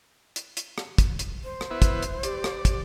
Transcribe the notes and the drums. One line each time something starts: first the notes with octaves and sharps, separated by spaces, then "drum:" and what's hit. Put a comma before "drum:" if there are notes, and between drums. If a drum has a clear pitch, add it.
drum: hi-hat
drum: hi-hat
drum: rim click
drum: kick, hi-hat
drum: hi-hat
C5
drum: rim click
B3 E4
drum: kick, hi-hat
drum: hi-hat
G4 D5, drum: hi-hat
drum: rim click
drum: kick, hi-hat